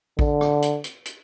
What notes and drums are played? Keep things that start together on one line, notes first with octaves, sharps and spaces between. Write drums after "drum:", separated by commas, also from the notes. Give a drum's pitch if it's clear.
D3, drum: kick A1
drum: rim click
drum: hi-hat
drum: hi-hat
drum: hi-hat